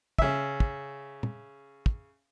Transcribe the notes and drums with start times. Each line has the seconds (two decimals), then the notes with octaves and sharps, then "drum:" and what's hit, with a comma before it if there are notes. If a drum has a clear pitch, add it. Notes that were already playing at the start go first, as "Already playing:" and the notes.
0.18 C#3 E5, drum: kick
0.60 drum: kick
1.23 drum: tom
1.86 drum: kick